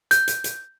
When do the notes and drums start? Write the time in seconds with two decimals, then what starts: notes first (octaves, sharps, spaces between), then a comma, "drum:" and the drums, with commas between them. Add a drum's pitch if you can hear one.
0.11 G6, drum: hi-hat
0.28 drum: hi-hat
0.44 drum: hi-hat